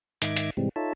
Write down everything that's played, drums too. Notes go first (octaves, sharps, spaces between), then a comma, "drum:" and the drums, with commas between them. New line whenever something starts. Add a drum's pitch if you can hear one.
G#2 D#3 D#5 E5 D6 G#6, drum: hi-hat
drum: hi-hat
G#2 C3 E3 G3 G#3 C4
D#4 F4 A4 C#5 E5 A5